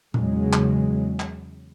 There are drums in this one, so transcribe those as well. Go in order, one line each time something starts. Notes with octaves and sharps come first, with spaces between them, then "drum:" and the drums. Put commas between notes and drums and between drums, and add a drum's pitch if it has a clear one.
E2 C#3 F#3 G#3, drum: tom A#2
drum: clap
drum: clap